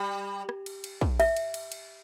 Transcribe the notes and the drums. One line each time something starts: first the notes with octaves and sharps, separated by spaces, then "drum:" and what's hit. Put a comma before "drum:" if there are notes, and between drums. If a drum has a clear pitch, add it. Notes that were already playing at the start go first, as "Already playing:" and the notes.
Already playing: G3
drum: rim click
drum: cymbal
drum: cymbal
drum: kick
E5, drum: cymbal
drum: cymbal
drum: cymbal
drum: cymbal